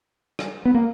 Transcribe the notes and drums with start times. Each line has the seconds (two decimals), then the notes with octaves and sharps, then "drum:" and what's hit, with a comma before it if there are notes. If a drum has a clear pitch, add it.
0.39 drum: rim click
0.65 B3
0.74 A#3